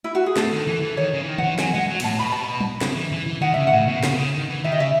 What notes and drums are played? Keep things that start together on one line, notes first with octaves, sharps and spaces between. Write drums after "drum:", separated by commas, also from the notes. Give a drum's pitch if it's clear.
E4
F#4
G#4
A2 A4, drum: snare
D#3
E3
E3
D#3 C#5
C#3
E3
D#3
E3 F#5, drum: tom D#3
F#3 G#5, drum: snare
G#3 F#5
F#3
B2, drum: cymbal
A2 A5
B2 B5
A5
B5
drum: tom F#3
C#3, drum: snare
E3
E3
E3
D#3 F#5
C#3 E5
F#5
A2
B2
C#3, drum: snare
B2
C#3
D#3
E3
D#3 E5
D#5
C#3 E5